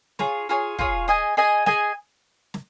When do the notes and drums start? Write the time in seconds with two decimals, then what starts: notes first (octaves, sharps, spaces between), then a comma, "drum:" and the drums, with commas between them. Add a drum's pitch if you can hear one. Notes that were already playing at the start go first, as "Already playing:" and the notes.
0.19 F4 G#4 C#5, drum: snare
0.49 F4 G#4 C#5
0.79 F4 G#4 C#5, drum: kick
1.08 G#4 D#5 G#5
1.37 G#4 D#5 G#5
1.66 G#4 D#5 G#5, drum: snare
2.54 drum: snare